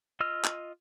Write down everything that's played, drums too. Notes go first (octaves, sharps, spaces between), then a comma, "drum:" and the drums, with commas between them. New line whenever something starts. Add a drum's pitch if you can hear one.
F4 D#5 E6 F6
drum: clap